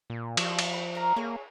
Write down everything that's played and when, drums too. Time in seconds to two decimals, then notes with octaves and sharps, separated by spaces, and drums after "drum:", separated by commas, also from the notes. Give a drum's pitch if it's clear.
0.10 A#2
0.37 F3, drum: cymbal
0.59 drum: cymbal
0.73 G5 B5
0.95 A#4 A#5
1.16 A#3 G#4 C#5